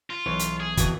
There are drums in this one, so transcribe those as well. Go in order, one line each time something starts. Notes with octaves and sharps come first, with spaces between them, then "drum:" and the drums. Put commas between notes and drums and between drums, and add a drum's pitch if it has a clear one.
F4
B1 E3 C#5
drum: hi-hat
G#4
F2 B2 E3, drum: kick, hi-hat